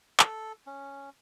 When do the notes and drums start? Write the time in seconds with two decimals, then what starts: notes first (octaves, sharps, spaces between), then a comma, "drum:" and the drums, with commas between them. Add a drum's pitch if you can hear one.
0.19 A4, drum: clap
0.67 C#4